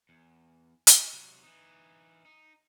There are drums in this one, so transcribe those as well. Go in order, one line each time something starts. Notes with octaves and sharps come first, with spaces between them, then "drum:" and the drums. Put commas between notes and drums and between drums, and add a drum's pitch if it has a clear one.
E2
drum: hi-hat
C3 F#3
E3 D#4
D#4